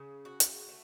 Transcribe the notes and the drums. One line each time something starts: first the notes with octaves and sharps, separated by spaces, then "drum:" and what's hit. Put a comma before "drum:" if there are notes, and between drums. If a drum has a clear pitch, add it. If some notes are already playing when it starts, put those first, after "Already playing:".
Already playing: C#3
F#4
drum: hi-hat
A3